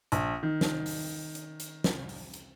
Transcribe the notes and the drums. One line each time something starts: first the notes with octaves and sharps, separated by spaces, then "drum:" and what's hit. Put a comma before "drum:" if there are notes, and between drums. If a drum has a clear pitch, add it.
A#1, drum: hi-hat
D#3
drum: snare
drum: open hi-hat
drum: hi-hat
drum: hi-hat
drum: snare
drum: open hi-hat
drum: hi-hat